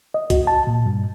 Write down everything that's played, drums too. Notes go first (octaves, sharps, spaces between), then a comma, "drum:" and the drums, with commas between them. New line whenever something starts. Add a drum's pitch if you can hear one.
D#5
F#4, drum: kick, hi-hat
A5
A#2
G2